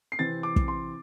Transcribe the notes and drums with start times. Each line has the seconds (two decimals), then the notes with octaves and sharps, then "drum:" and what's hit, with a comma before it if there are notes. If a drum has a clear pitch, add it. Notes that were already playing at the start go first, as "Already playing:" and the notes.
0.12 C7
0.19 C3 E3 C4 A6
0.43 D6
0.56 drum: kick
0.68 C6